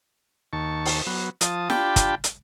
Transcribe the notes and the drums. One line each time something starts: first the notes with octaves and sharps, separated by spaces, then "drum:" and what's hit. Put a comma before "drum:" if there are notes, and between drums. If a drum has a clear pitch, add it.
D#2 A5 C#6
drum: open hi-hat
F#3 B3
F3 A5 D#6, drum: hi-hat
D4 F4 G4 G5 A5 B5, drum: snare
drum: kick, hi-hat
drum: hi-hat